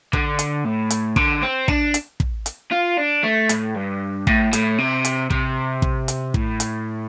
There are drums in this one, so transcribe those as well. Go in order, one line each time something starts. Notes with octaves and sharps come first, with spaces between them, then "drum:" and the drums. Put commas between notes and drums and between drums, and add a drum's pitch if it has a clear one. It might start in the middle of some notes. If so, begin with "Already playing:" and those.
D3, drum: kick
drum: hi-hat
A2
drum: hi-hat
D3, drum: kick
C4
D4, drum: kick
drum: hi-hat
drum: kick
drum: hi-hat
F4
D4
A3
A2, drum: hi-hat
G2
A2, drum: kick
A2, drum: hi-hat
C3
drum: hi-hat
C3, drum: kick
drum: kick
drum: hi-hat
A2, drum: kick
drum: hi-hat